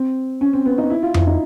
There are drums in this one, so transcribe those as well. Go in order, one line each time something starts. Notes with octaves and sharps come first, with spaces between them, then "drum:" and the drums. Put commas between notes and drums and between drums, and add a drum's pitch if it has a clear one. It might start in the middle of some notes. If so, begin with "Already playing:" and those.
Already playing: C4
C#4
C4
B3
D#4
E4
F4
E4, drum: tom F2
D#4